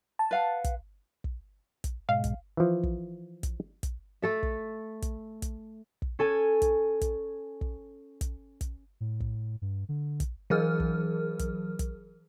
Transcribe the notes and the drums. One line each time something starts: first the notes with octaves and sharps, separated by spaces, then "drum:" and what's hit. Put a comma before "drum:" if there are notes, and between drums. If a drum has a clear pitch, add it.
A5
B4 F5 F#5
drum: kick, hi-hat
drum: kick
drum: kick, hi-hat
G#2 B2 G#3 F5
drum: kick, hi-hat
E3 F3
drum: kick
drum: kick, hi-hat
drum: kick, hi-hat
A3 A4 E5
drum: kick
drum: kick, hi-hat
drum: kick, hi-hat
drum: kick
C#4 A4 G#5
drum: kick, hi-hat
drum: kick, hi-hat
drum: kick
drum: kick, hi-hat
drum: kick, hi-hat
A2
drum: kick
G2
D3
drum: kick, hi-hat
E3 F#3 G#4 A#4 F6
drum: kick
drum: kick, hi-hat
drum: kick, hi-hat